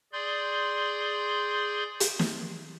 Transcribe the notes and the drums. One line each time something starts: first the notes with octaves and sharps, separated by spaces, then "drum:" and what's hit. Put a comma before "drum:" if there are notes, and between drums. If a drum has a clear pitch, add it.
G#4 D5 C6 G6
drum: hi-hat
drum: snare